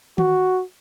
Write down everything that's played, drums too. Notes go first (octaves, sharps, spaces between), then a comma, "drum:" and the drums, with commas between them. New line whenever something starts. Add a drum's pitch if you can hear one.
F#4, drum: tom D#3